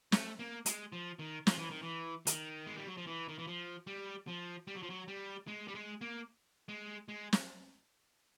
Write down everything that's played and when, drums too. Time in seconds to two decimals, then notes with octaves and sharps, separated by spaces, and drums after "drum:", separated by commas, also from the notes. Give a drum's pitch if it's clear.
0.12 A3, drum: snare
0.39 A#3
0.66 G#3, drum: hi-hat
0.92 F3
1.19 D#3
1.47 F3, drum: snare
1.58 E3
1.70 D#3
1.83 E3
2.27 D#3, drum: hi-hat
2.67 G#3
2.77 G3
2.87 F#3
2.97 F3
3.07 E3
3.28 D#3
3.39 E3
3.47 F3
3.87 G3
4.27 F3
4.67 G3
4.75 F#3
4.82 F3
4.90 F#3
5.08 G3
5.48 G#3
5.68 G3
5.75 G#3
6.01 A#3
6.69 G#3
7.08 G#3
7.33 drum: snare